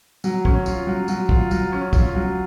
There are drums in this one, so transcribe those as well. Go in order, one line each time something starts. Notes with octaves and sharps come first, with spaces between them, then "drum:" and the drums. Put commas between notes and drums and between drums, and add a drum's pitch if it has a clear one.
F#3, drum: tambourine
C#4, drum: kick
F4, drum: tambourine
F#3
F#3, drum: tambourine
F4, drum: kick
F#3, drum: tambourine
C#4
F4, drum: kick, tambourine
F#3